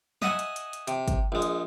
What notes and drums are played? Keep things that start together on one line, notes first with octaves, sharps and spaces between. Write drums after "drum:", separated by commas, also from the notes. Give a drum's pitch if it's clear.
D#5 E5 F#5 G#5, drum: snare
drum: hi-hat
drum: hi-hat
drum: hi-hat
C3, drum: hi-hat
drum: kick, hi-hat
A#1 G#3
drum: hi-hat